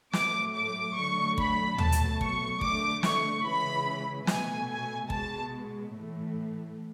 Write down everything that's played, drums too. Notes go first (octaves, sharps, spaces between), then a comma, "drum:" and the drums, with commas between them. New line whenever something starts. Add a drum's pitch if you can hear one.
A2 F#3 A3 D6, drum: snare
D6
D3 F#3 A3 C#6
B5, drum: kick
B2 F#3 A3 A5, drum: tom
drum: hi-hat
C#6, drum: kick
D3 A3 D6, drum: kick
C#6, drum: snare
C#3 E3 G#3 B5
B2 A3 G#5, drum: snare
G#5
B2 G#3 A5, drum: kick
A2 E3 A3